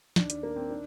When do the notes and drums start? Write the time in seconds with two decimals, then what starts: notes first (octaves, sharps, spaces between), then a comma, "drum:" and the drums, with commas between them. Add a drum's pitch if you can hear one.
0.16 D#2 D#3 D4, drum: snare
0.30 D4, drum: hi-hat
0.43 A#3
0.56 C4
0.70 D#3 D4